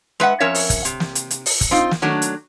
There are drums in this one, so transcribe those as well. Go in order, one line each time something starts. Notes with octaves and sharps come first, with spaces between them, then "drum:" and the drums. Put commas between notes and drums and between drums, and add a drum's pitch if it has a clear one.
G#3 B4 E5 F#5
F2 C#4 A#4 C#5 E5
drum: open hi-hat
drum: kick, hi-hat
C3, drum: hi-hat
drum: snare
drum: hi-hat
drum: hi-hat
drum: open hi-hat
drum: kick, hi-hat
C4 D#4 F4
drum: snare
D#3 F#3 A3 D4
drum: hi-hat